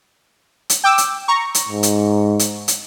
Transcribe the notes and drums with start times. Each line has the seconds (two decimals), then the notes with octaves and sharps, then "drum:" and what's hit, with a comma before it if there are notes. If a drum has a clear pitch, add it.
0.70 drum: hi-hat
0.84 G5 D6 E6
0.98 drum: hi-hat
1.28 A#5 C#6
1.54 drum: hi-hat
1.69 G#2
1.83 drum: hi-hat
2.39 drum: hi-hat
2.68 drum: hi-hat